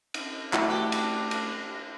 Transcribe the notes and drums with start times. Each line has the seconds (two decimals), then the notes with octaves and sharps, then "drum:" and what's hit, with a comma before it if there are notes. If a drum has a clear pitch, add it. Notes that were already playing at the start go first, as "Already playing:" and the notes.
0.14 drum: cymbal
0.53 A3 D4 E4 F#4, drum: clap
0.70 G4 B4
0.92 drum: cymbal
1.31 drum: cymbal